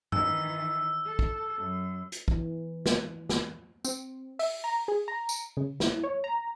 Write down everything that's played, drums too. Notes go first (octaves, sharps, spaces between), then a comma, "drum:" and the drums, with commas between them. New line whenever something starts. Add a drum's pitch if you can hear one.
D#3 E3 E6, drum: tom G2
A4
drum: kick
F#2
drum: hi-hat
E3, drum: kick
drum: snare
drum: snare
C4, drum: tambourine
E5, drum: open hi-hat
A#5
G#4
A#5
drum: tambourine
C#3
E4, drum: snare
C#5
A#5